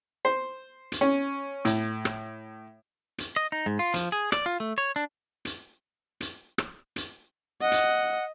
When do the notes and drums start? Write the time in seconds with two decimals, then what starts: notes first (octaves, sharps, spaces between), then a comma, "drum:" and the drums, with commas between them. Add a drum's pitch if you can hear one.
0.25 C5
0.92 drum: hi-hat
1.01 C#4
1.65 A2, drum: hi-hat
2.05 drum: rim click
3.18 drum: hi-hat
3.36 D#5
3.52 D#4
3.66 G#2
3.79 F4
3.94 F3, drum: hi-hat
4.12 G#4
4.32 D5, drum: rim click
4.46 F4
4.60 A3
4.78 C#5
4.96 D4
5.45 drum: hi-hat
6.20 drum: hi-hat
6.58 drum: rim click
6.96 drum: hi-hat
7.61 D#5 F#5
7.72 drum: hi-hat